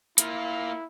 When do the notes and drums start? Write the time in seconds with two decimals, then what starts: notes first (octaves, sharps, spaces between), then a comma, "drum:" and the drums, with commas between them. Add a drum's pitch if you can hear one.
0.18 A#3 E4 F4, drum: hi-hat